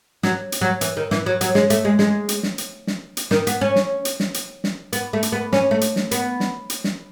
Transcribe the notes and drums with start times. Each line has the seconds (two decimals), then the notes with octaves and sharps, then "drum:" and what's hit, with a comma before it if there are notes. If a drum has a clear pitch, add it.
0.23 F#3, drum: snare
0.52 drum: hi-hat
0.61 F#3
0.81 E3, drum: hi-hat
0.97 D#3
1.11 E3, drum: snare
1.26 F#3
1.41 F#3, drum: hi-hat
1.55 G#3, drum: snare
1.70 A3, drum: hi-hat
1.85 G#3
1.99 G#3, drum: snare
2.29 drum: hi-hat
2.43 drum: snare
2.58 drum: hi-hat
2.87 drum: snare
3.17 drum: hi-hat
3.31 D#3, drum: snare
3.47 B3, drum: hi-hat
3.61 C#4
3.76 drum: snare
4.05 drum: hi-hat
4.20 drum: snare
4.34 drum: hi-hat
4.64 drum: snare
4.93 B3, drum: hi-hat
5.13 A3
5.23 drum: hi-hat
5.32 B3
5.53 C#4, drum: snare
5.71 A3
5.81 drum: hi-hat
5.96 drum: snare
6.11 B3, drum: hi-hat
6.40 drum: snare
6.70 drum: hi-hat
6.84 drum: snare